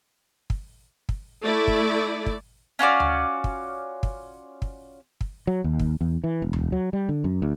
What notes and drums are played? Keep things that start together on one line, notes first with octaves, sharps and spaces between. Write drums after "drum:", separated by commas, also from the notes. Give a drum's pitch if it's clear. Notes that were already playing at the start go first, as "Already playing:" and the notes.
drum: kick
drum: kick
A3 E4 D5
drum: kick
drum: kick
C#4 F4 F#4 D5
drum: tom D2
drum: kick
drum: kick
drum: kick
drum: kick
F#3
D#2
drum: kick
E2
E3
E1
drum: tom D2
F#3
G3
D3
F#2
D2